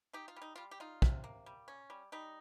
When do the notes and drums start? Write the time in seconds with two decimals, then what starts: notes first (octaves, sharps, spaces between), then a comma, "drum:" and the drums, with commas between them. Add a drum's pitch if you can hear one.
0.13 D#4 G4
0.28 F4
0.36 G3
0.42 D#4
0.56 G3 F4
0.71 G4
0.80 D#4 F4
1.02 C3, drum: kick
1.24 A#3
1.46 G3
1.68 C#4
1.90 G3
2.12 G3 D#4